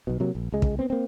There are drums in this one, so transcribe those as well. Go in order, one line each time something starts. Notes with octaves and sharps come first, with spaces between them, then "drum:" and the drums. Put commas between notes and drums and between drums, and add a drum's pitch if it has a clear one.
B1 B2
C3 F#3 A#3
A#1
C#2 G#3
drum: kick
B3 C4
A#3 C4